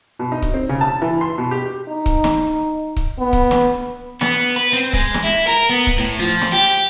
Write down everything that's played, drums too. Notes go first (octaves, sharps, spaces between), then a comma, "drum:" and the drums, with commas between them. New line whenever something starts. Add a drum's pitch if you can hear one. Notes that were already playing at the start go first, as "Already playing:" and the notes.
B2
D#4
drum: kick C#1
C4
C#3
A5
E3
C6
B2
G4
D#4
drum: kick C#1
drum: snare
drum: kick C#1
B3
drum: kick C#1
drum: snare
B3, drum: snare
B4
C4
G#3, drum: kick C#1
drum: snare
E4
A#4
B3
drum: kick C#1
A2
F3
drum: snare
G4